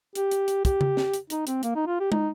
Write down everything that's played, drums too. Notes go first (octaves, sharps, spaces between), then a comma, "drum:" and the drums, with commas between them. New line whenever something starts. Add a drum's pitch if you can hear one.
G4, drum: hi-hat
drum: hi-hat
drum: hi-hat
G4, drum: kick, hi-hat
drum: tom C#3
drum: snare
drum: hi-hat
D#4, drum: hi-hat
C4, drum: hi-hat
A#3, drum: hi-hat
D#4
F4
G4
D#4, drum: tom